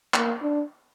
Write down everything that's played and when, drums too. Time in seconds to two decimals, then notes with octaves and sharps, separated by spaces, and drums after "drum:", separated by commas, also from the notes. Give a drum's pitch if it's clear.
0.14 A#3, drum: clap
0.42 D4